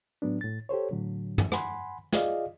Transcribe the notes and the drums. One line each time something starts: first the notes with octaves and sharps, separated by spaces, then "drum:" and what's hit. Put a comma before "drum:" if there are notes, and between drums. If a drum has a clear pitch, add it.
A2 F#3 B3 D4
A2 A6
G4 A4 C5 C#5
A2 D3 F#3
drum: tom
F#5 G#5 B5 C6, drum: rim click
F4 G#4 D5 D#5 F5, drum: snare